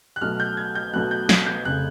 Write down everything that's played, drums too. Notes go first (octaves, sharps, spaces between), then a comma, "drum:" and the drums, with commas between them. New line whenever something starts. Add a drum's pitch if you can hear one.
F#6
B1 B2 F#3 A3 F6
G6
G#6
G6
B1 B2 F#3 A3 F#6
G6
G#6, drum: snare
G6
F1 C#3 F#6